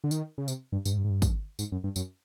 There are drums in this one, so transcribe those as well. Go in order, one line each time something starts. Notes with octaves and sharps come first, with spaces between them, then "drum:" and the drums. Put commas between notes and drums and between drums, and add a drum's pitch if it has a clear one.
D3
D#3, drum: tambourine
C#3
C3, drum: tambourine
G2
G2, drum: tambourine
G#2
G2
G#2
G2
drum: kick, tambourine
G#2, drum: tambourine
F#2
G2
F#2, drum: tambourine